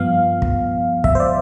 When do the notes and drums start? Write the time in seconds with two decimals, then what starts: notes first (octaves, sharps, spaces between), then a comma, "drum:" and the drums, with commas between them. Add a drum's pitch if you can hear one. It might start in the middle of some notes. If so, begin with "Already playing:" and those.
Already playing: G2 F3 B3 F5
0.42 drum: kick
1.04 E5, drum: kick
1.15 C5
1.20 D5